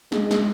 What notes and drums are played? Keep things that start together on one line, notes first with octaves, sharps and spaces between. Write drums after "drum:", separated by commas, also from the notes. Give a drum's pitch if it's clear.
G#3, drum: snare
drum: snare